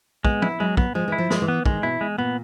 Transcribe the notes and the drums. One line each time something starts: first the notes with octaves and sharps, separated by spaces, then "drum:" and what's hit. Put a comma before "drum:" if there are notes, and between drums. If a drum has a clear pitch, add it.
G#3 B3, drum: kick
E4, drum: tom
F#3 G#3
B3, drum: kick
F3 G#3
E3 E4
F3
F3 G#3, drum: snare
E3
B3
D#3 G#3, drum: kick
B2 E4
G#3
A#2 B3